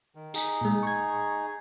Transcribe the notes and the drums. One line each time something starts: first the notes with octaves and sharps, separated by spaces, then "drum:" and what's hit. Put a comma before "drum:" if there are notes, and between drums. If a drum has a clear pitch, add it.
D#3
D#4 G#4, drum: tambourine
A#2 G#3
C#6 G#6